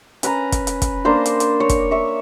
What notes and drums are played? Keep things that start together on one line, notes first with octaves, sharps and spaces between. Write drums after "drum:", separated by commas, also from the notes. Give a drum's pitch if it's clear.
C#4 B4 G#5 A#5, drum: hi-hat
drum: kick, hi-hat
drum: hi-hat
drum: kick, hi-hat
A#3 D4 C5 A#5
drum: hi-hat
drum: hi-hat
C#5
drum: kick, hi-hat
E5 C#6